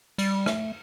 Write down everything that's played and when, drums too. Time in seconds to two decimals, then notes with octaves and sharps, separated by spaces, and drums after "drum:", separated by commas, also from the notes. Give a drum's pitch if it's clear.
0.18 G3, drum: cymbal
0.46 A3, drum: rim click